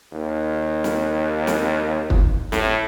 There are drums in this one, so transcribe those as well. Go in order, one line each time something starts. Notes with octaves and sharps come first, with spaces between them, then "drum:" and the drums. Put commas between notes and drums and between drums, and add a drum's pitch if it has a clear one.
D#2
drum: snare
drum: snare
drum: kick
A2, drum: snare